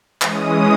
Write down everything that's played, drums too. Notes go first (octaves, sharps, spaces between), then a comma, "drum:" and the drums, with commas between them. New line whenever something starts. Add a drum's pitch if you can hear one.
E3 G#3 C#4 D#6, drum: clap